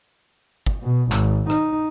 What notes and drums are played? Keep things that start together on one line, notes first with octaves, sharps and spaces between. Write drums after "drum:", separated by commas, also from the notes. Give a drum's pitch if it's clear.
drum: kick
B2
G#1, drum: clap
D#4, drum: rim click